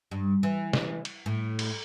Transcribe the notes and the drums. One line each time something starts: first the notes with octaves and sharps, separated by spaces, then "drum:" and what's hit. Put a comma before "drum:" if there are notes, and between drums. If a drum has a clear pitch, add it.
G2
E3
drum: snare
drum: cymbal
A2
drum: cymbal